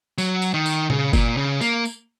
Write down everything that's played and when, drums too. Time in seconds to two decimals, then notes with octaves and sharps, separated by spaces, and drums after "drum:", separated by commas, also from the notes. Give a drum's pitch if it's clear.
0.18 F#3, drum: tambourine
0.42 drum: tambourine
0.54 D#3
0.66 drum: tambourine
0.90 C#3, drum: tom A#2
1.13 A#2, drum: kick F#1, tambourine
1.37 C#3
1.61 A#3, drum: tambourine
1.85 drum: tambourine